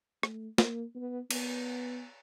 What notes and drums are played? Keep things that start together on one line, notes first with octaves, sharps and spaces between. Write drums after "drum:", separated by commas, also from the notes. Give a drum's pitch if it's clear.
A3, drum: rim click
A#3, drum: snare
B3
B3, drum: cymbal